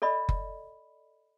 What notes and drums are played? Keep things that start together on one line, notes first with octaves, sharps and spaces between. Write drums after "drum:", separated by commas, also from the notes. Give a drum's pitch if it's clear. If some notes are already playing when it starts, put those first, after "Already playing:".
A4 D5 D#5 B5
drum: kick F#1